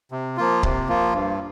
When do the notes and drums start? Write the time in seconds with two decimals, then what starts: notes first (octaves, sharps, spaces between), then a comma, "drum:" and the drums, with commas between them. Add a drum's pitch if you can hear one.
0.11 C3
0.37 F3 A#3 F4
0.63 C3, drum: kick C#1
0.88 F3 A#3 F4
1.14 G2